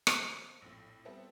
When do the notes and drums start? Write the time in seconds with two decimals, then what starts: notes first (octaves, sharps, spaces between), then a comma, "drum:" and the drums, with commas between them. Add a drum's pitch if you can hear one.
0.07 C#3 C4 A5, drum: rim click
0.62 A#1 F2 A2
1.05 G3 B3 C4 E4 A4